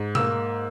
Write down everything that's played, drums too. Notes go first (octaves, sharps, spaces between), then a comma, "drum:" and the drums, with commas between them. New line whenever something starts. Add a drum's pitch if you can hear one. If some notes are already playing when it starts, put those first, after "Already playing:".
Already playing: G#2
A#3 E6, drum: tom B2